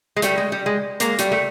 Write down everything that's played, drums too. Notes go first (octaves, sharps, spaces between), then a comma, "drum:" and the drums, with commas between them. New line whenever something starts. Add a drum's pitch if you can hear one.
G#3
G3 A3, drum: hi-hat
G#3
G3
G#3
G#3 A#3, drum: hi-hat
G3 A3, drum: hi-hat
A3